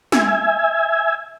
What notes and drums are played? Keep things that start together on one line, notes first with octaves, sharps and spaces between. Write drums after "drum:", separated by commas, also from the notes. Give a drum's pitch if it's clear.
E5 G#5, drum: snare